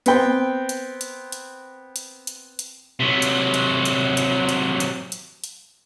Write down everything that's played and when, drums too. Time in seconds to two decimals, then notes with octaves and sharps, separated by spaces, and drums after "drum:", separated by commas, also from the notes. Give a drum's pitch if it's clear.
0.06 B3 C4 G5, drum: hi-hat
0.69 drum: hi-hat
1.01 drum: hi-hat
1.32 drum: hi-hat
1.96 drum: hi-hat
2.27 drum: hi-hat
2.59 drum: hi-hat
3.00 C3 F#3
3.22 drum: hi-hat
3.54 drum: hi-hat
3.85 drum: hi-hat
4.17 drum: hi-hat
4.49 drum: hi-hat
4.80 drum: hi-hat
5.12 drum: hi-hat
5.44 drum: hi-hat